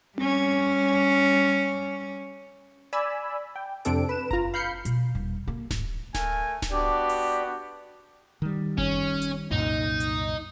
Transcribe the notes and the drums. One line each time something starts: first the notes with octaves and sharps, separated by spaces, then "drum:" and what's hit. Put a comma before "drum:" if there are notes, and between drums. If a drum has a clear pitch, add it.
G3 C#4, drum: tom C4
D5 G#5 B5 E6
G5
F2 C3 C4 D4 A4 D7, drum: hi-hat
B4 E7
F4 A#5, drum: kick F#1
F5 B5 G6 C7 C#7
B2, drum: hi-hat
D#1
A#3
G#1, drum: snare D1
A3 A#4 G#5, drum: snare D1
drum: snare D1
B3 D4 F#4 G4 D5
drum: open hi-hat
D#3 G3
C#4, drum: kick F#1
drum: hi-hat
C2 F#2 A#2 D#4
drum: hi-hat